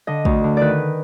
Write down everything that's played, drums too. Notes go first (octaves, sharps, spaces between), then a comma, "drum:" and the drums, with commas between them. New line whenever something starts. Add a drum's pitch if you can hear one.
D3 D#5
D2, drum: kick
D3
D#3 B4 D5